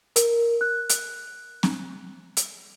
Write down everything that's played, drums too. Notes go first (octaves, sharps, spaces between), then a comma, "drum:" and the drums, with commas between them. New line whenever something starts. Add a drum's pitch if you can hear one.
A#4, drum: hi-hat
F#6
drum: hi-hat
drum: snare C4
drum: hi-hat